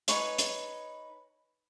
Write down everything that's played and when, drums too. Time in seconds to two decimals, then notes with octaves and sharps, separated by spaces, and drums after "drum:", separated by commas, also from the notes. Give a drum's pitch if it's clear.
0.08 D#4 B4 C#5 G#5, drum: hi-hat
0.38 drum: hi-hat